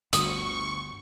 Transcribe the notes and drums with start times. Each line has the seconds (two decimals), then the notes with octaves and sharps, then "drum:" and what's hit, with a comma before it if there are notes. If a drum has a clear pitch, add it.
0.13 G1 D2 C#6 D#6, drum: hi-hat